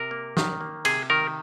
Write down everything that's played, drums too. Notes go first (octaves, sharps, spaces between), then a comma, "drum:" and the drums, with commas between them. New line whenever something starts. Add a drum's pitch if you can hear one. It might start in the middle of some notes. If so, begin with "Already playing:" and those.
Already playing: C3 A#4
A#3
D#3, drum: snare
A#3
C3 G#4, drum: cymbal
D#3 A#4